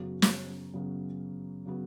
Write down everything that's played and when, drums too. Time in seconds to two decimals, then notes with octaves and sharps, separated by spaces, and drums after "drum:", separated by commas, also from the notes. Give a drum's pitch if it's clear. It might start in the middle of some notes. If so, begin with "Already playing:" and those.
Already playing: F#2 C#3 F#3 B3
0.22 drum: snare
0.74 F#2 C#3 F#3 B3
1.66 C#3 F#3 B3